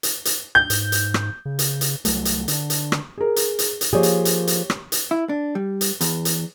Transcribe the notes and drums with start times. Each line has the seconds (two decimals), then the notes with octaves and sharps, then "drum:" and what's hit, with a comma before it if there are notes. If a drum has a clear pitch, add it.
0.03 drum: hi-hat
0.25 drum: hi-hat
0.55 G6
0.70 G#2, drum: hi-hat
0.92 drum: hi-hat
1.14 drum: rim click
1.45 C#3
1.59 drum: hi-hat
1.81 drum: hi-hat
2.05 C2 F#2 F#3 A3, drum: hi-hat
2.25 drum: hi-hat
2.48 D3 D4, drum: hi-hat
2.70 drum: hi-hat
2.92 drum: rim click
3.18 G#4 A#4
3.36 drum: hi-hat
3.59 drum: hi-hat
3.81 drum: hi-hat
3.93 F3 A#3 G4 G#4 C#5
4.03 drum: hi-hat
4.25 drum: hi-hat
4.47 drum: hi-hat
4.70 drum: rim click
4.92 drum: hi-hat
5.11 E4
5.29 D4
5.55 G3
5.81 drum: hi-hat
6.01 E2, drum: hi-hat
6.25 drum: hi-hat